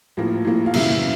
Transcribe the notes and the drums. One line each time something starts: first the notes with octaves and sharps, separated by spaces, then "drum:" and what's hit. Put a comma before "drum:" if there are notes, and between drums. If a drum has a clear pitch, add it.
A2 F3 A#3
A2 F3 A#3
F5
F#2 C#3 E3 G3 E5, drum: cymbal